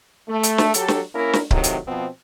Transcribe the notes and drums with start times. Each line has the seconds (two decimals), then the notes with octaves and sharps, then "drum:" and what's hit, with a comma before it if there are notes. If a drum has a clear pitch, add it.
0.28 A3
0.43 drum: hi-hat
0.58 drum: snare
0.74 F#3 G4 A4, drum: hi-hat
0.88 drum: snare
1.13 A#3 C#4 E4 A#4
1.33 drum: snare
1.51 A2 C3 D#3 F#3, drum: kick C#1
1.64 drum: hi-hat
1.86 B2 F3 B3 C4